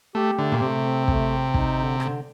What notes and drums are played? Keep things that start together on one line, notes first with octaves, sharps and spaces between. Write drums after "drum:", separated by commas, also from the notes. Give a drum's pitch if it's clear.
A3 G4
D3 A3
A#2
C3 A3
C4
A3, drum: kick
C4
D#4, drum: kick
D3
D3, drum: rim click